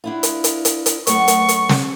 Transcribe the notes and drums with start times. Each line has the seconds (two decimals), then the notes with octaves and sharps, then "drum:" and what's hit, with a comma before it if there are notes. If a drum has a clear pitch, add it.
0.04 D4 E4 F4
0.23 drum: hi-hat
0.44 drum: hi-hat
0.65 drum: hi-hat
0.86 drum: hi-hat
1.07 F#2 A3 B3 C#6, drum: hi-hat
1.28 drum: hi-hat
1.49 drum: hi-hat
1.69 drum: snare